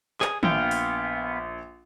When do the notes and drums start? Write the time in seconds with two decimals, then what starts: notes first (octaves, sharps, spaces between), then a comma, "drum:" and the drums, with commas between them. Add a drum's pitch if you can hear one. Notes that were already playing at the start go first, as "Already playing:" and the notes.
0.21 G#4, drum: clap
0.43 A#1 B3 F5 G5, drum: tom
0.71 drum: open hi-hat